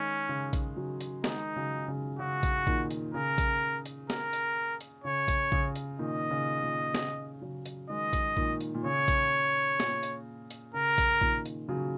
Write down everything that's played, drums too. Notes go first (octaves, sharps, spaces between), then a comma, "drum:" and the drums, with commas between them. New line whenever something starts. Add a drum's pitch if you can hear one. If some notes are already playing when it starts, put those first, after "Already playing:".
Already playing: D#3 G#3 C#4
C#3
drum: kick A#1, hi-hat
C#3 F#3
drum: hi-hat
D#3 G#3 D#4, drum: snare
C#3 F#3
C#3
C#3 F#4
drum: kick A#1, hi-hat
A#2 D#3, drum: kick A#1
drum: hi-hat
C#3 A#4
drum: kick A#1, hi-hat
drum: hi-hat
A#4, drum: snare
drum: hi-hat
drum: hi-hat
C#3 C#5
drum: kick A#1, hi-hat
C#3, drum: kick A#1
drum: hi-hat
A#2 D#3 D#5
C#3
A#2
C#3, drum: snare
C#3 F#3
drum: hi-hat
D#3 G#3 D#5
drum: kick A#1, hi-hat
A#2 D#3, drum: kick A#1
drum: hi-hat
A#2
C#3 C#5
drum: kick A#1, hi-hat
A#2, drum: snare
drum: hi-hat
drum: hi-hat
C#3 A#4
drum: kick A#1, hi-hat
A#2 D#3, drum: kick A#1
drum: hi-hat
C#3 F#3